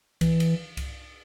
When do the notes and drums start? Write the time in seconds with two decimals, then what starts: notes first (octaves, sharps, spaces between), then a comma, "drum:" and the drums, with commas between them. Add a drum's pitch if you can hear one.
0.21 E3, drum: kick C2, cymbal
0.40 drum: cymbal
0.77 drum: kick C2, cymbal